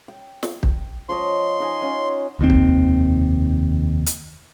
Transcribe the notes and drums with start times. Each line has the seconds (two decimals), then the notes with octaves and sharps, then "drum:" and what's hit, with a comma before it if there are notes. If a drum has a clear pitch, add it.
0.08 G5
0.43 drum: snare
0.63 drum: kick
1.09 F3 C#5 D#5 C6
1.60 D#4 D#5 G#5
1.81 C#4 F4 F#5
2.39 F1 D#2 D#3 C4
2.50 drum: kick
4.06 drum: hi-hat